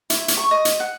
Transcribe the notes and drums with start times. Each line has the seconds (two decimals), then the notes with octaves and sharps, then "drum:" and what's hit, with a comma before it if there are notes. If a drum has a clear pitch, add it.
0.10 E4, drum: hi-hat
0.28 drum: hi-hat
0.37 C#6
0.51 D#5
0.65 drum: hi-hat
0.80 F#5